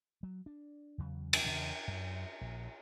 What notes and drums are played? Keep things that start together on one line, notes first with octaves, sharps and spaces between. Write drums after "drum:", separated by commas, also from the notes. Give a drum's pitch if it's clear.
F#3
D4
E2 C#3 F#3
drum: cymbal
E2 C#3 E3 C#4
F#2
A#1